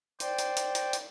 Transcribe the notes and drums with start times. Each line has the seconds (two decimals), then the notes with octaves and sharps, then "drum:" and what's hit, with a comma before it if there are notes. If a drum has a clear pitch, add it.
0.20 C5 D5 G5, drum: hi-hat
0.39 drum: hi-hat
0.57 drum: hi-hat
0.75 drum: hi-hat
0.93 drum: hi-hat